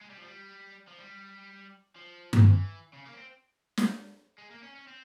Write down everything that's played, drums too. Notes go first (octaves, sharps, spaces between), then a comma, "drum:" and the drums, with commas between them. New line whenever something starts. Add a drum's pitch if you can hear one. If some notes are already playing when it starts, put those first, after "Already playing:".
G#3
G3
F3
G3
F3
G3
F3
drum: tom G2
E3
C#3
A#3
C#4
C4
drum: snare
G#3
A#3
C#4
C#4
C4